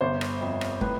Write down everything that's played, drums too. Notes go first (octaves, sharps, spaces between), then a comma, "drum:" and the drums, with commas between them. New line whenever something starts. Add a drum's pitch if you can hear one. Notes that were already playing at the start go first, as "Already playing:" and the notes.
G1 C5
drum: rim click
F2
drum: rim click
A2 B4, drum: kick